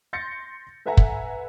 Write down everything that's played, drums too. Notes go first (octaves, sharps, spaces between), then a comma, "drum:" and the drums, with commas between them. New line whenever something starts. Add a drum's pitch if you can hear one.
C6 G6 A6 A#6 C#7
A4 B4 E5 F#5 G#5 A#5
drum: kick